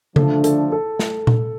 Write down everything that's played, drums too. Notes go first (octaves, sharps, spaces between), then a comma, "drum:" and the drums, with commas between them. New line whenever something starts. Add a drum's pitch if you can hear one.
D3 F3 A3 D4 A4, drum: tom C#3
A4, drum: hi-hat
A4
drum: snare
drum: tom A#2